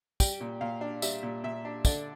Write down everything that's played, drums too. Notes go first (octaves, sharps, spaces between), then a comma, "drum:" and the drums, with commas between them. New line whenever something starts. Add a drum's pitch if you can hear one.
G3 G5, drum: kick, tambourine
A#2
A#2 F5
D4
G3 E5, drum: tambourine
A#2
A#2 E5
D4
D3 D5, drum: kick, tambourine